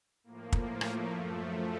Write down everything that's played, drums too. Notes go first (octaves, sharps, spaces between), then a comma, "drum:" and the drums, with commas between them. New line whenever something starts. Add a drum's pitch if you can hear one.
A2 F3 A#3
drum: kick
A3
drum: rim click
F#2 F3 A3